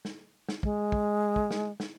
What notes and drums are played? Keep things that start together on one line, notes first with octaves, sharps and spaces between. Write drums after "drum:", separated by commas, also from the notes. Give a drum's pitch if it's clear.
drum: snare
drum: snare
G#3, drum: kick
drum: kick
drum: kick
drum: snare
drum: snare